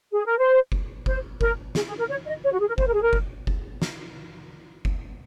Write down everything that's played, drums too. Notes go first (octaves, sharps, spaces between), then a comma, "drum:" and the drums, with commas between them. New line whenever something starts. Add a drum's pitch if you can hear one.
G#4
A#4
C5
drum: kick F#1
C5, drum: kick F#1
A#4, drum: kick F#1
G#4, drum: snare
G#4
A#4
C#5
D#5
C#5
F#4
G#4
A#4
C5, drum: kick F#1
A#4
G#4
A#4
drum: kick F#1
drum: kick F#1
drum: snare
drum: kick F#1